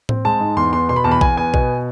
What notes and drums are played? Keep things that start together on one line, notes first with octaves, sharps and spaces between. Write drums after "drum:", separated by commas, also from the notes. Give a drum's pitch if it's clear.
C4, drum: tom A2
G#3 A5
G#2
E2 C6
B3 C6
B2 C6
B5
E2 A5
B5
E2 G#5, drum: kick A#1
B3 G#5
B2, drum: kick A#1